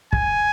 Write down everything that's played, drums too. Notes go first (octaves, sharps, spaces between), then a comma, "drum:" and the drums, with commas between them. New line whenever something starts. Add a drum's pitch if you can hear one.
G#5, drum: kick